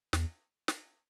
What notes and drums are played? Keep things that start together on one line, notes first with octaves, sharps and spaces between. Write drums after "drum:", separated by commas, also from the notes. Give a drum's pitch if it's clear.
E2, drum: snare
drum: snare